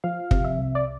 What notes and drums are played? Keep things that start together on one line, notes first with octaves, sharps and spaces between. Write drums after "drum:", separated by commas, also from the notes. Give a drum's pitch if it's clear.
F3 F5
C3, drum: kick
E5
C2
D5